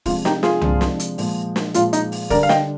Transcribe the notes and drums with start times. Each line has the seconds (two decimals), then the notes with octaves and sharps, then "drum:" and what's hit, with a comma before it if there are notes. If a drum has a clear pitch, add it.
0.06 C3 F3 G#3 D4 F4, drum: kick, open hi-hat
0.25 D#4 G4, drum: snare
0.43 F4 G#4, drum: snare
0.61 C3 F3 G#3 D4, drum: tom C2
0.81 drum: snare
1.00 drum: hi-hat
1.18 A#2 F3 G#3, drum: open hi-hat
1.56 drum: snare
1.74 A#2 F3 G#3 F4, drum: hi-hat
1.93 D#4, drum: hi-hat
2.12 drum: open hi-hat
2.30 D3 G3 D4 A#4 D5, drum: kick, open hi-hat
2.43 F5
2.49 D#5 G5, drum: snare